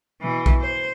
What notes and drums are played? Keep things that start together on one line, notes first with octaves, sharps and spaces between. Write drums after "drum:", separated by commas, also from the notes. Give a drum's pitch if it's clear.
B2 E3
drum: kick
C5